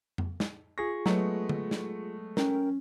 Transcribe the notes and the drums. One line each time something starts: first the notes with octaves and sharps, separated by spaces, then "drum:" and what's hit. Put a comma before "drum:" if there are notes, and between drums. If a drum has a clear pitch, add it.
drum: tom F2
drum: snare
F4 G#4 C#6 A#6
F#3 G#3 A3 B3, drum: snare
drum: tom D3
drum: snare
C#4 A#4 G5, drum: snare